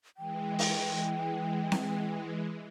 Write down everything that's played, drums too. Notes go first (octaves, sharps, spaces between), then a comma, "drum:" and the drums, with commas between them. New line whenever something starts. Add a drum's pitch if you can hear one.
E3 G#3 G5
drum: open hi-hat
drum: snare C4